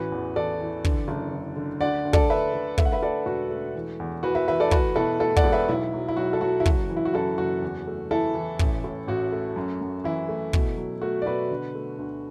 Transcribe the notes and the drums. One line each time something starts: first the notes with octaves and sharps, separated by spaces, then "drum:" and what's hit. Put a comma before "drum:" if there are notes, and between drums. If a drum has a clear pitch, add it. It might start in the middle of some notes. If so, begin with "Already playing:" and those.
Already playing: A1 E3 F#4 B4
E2
E3 A4 D5
E3
D3, drum: kick
F#1
D3
D3
D2 D5 F#5
D2
A4 D5, drum: kick
D2 B4 E5
D3
A3 E5, drum: kick
F#5
B4 E5
A3 A4 D5
E1 F#4
A3
E3
E2
E3 F#4 B4
B4 E5
E3 B4 E5
A4 D5
A3 F#4 B4, drum: kick
B2 E4 A4
A3 E4 A4
D5 F#5, drum: kick
E1
B4 E5
B1 E4
F#3
E4
B1 F#4
A4
F#3 F#4
E4
F#1 F#4, drum: kick
E3
E4
F#4
F#2 E4 A4
F#1 F#4
E2
A3
E3 E4 A4
E3
A1, drum: kick
A2
A1 F#4
A3
F#2
F#2
E3 E4
A3
B2, drum: kick
F#3
A3 F#4
D5
B2 F#4 B4
D3
A3
D2